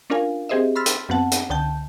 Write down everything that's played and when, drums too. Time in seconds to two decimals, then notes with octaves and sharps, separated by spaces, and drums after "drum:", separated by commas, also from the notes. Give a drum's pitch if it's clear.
0.10 C#4 D4 F4 A#4 F5 G#5
0.49 C4 G4 G#4 C5 D#5 E5
0.76 B5 C6 E6 F6 A6 B6
0.86 drum: hi-hat
1.09 F#2 B3 C4 F#5 A5
1.32 drum: hi-hat
1.50 C#2 D3 G5 A5 G6